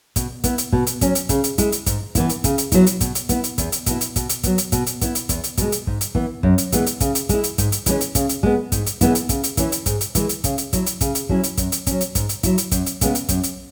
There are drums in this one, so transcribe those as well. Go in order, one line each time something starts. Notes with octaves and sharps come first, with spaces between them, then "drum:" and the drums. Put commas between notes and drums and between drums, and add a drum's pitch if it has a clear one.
B2, drum: kick, hi-hat
B3 E4, drum: kick, hi-hat
drum: hi-hat
B2, drum: kick
drum: hi-hat
F#3 C#4, drum: kick, hi-hat
drum: hi-hat
C#3, drum: kick, hi-hat
drum: hi-hat
G#3 E4, drum: kick, hi-hat
drum: hi-hat
G#2, drum: kick, hi-hat
E3 B3 E4, drum: kick, hi-hat
drum: hi-hat
C#3, drum: kick, hi-hat
drum: hi-hat
F#3 B3 E4, drum: kick, hi-hat
drum: hi-hat
B2, drum: kick, hi-hat
drum: hi-hat
B3 E4, drum: kick, hi-hat
drum: hi-hat
E2, drum: kick, hi-hat
drum: hi-hat
B2 B3 E4, drum: kick, hi-hat
drum: hi-hat
B2, drum: kick, hi-hat
drum: hi-hat
F#3 B3, drum: kick, hi-hat
drum: hi-hat
B2, drum: kick, hi-hat
drum: hi-hat
B3 E4, drum: kick, hi-hat
drum: hi-hat
E2, drum: kick, hi-hat
drum: hi-hat
B2 G#3, drum: kick, hi-hat
drum: hi-hat
G#2, drum: kick
drum: hi-hat
E3 B3, drum: kick
F#2, drum: kick
drum: hi-hat
E3 G#3 B3, drum: kick, hi-hat
drum: hi-hat
C#3, drum: kick, hi-hat
drum: hi-hat
G#3 E4, drum: kick, hi-hat
drum: hi-hat
G#2, drum: kick, hi-hat
drum: hi-hat
E3 G#3 C#4, drum: kick, hi-hat
drum: hi-hat
C#3, drum: kick, hi-hat
drum: hi-hat
G#3 B3, drum: kick
G#2, drum: kick, hi-hat
drum: hi-hat
E3 G#3 B3 E4, drum: kick, hi-hat
drum: hi-hat
C#3, drum: kick, hi-hat
drum: hi-hat
E3 C#4 E4, drum: kick, hi-hat
drum: hi-hat
G#2, drum: kick, hi-hat
drum: hi-hat
E3 G#3, drum: kick, hi-hat
drum: hi-hat
C#3, drum: kick, hi-hat
drum: hi-hat
F#3 E4, drum: kick, hi-hat
drum: hi-hat
C#3, drum: kick, hi-hat
drum: hi-hat
F#3 C#4 E4, drum: kick
drum: hi-hat
F#2, drum: kick, hi-hat
drum: hi-hat
F#3 C#4, drum: kick, hi-hat
drum: hi-hat
G#2, drum: kick, hi-hat
drum: hi-hat
F#3 E4, drum: kick, hi-hat
drum: hi-hat
F#2, drum: kick, hi-hat
drum: hi-hat
C#3 G#3 B3, drum: kick, hi-hat
drum: hi-hat
F#2, drum: kick, hi-hat
drum: hi-hat